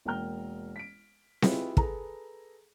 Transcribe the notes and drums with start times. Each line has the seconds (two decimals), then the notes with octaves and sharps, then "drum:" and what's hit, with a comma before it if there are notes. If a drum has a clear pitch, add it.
0.05 E1 A#3 G5 A#5 F6 G7
0.76 B6 D7
1.42 E4 F4 G4 G#4 B4 D#5, drum: snare C4
1.77 G#4 A4 B4 A#5, drum: kick